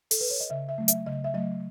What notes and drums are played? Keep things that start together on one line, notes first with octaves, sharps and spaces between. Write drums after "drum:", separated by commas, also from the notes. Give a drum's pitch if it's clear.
A4, drum: open hi-hat
B4
C#5
D#5
C#3 E5
E5
F#3 A3
E5, drum: hi-hat
C#3 D#5
E5
F#3 A3 D#5